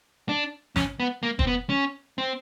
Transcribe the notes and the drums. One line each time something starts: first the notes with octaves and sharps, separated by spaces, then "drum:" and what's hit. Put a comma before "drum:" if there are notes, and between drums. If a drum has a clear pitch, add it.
D4
C#4, drum: snare
B3
A#3
C4, drum: kick F1
B3
C#4
C4